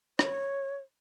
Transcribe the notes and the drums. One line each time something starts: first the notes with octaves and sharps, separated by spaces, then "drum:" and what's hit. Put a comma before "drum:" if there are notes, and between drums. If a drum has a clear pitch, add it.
C#5, drum: rim click